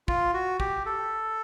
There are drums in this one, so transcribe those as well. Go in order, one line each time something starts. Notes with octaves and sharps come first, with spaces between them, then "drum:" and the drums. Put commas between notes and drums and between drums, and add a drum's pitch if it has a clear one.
F4, drum: kick
F#4
G4, drum: kick
A4